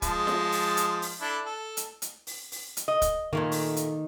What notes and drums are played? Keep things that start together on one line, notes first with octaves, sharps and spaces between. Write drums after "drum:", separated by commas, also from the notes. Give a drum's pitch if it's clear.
F3 G#3 A5, drum: kick, hi-hat
drum: snare F4
drum: open hi-hat
drum: hi-hat
drum: open hi-hat
D4 E4 A4
A4
drum: hi-hat
drum: hi-hat
drum: open hi-hat
drum: open hi-hat
drum: hi-hat
D#5
drum: kick, hi-hat
A#2 D#3 A3 A#3
drum: open hi-hat
drum: hi-hat